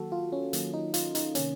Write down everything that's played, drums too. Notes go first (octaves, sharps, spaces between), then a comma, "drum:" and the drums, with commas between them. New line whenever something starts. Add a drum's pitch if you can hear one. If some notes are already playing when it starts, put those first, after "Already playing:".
Already playing: D#3 F#3 A#3 F#4 A4
F4
C#4
D#3 F#3 A#3, drum: hi-hat
D#4
F4, drum: hi-hat
D#4, drum: hi-hat
C3 D#3 A#3 C#4, drum: hi-hat